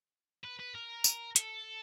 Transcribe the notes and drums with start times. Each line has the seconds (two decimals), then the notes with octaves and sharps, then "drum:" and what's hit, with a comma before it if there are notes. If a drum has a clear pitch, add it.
0.44 B4
0.60 B4
0.75 A#4
1.04 drum: tambourine
1.36 A4, drum: hi-hat